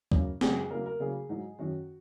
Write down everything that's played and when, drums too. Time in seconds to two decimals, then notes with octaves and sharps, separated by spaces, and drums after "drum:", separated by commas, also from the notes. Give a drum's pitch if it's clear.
0.12 F#2 C#3 F#3 A#3 C#4, drum: kick D2
0.41 F#2 C#3 G#3 C#4 G#4, drum: snare C4
0.70 C#3 F#3 A#3 A#4
0.86 A#4
1.00 C#3 F#3 A#3 G#4
1.29 G#2 F#3 D#4
1.59 F#2 D#3 F#3 C#4 F#4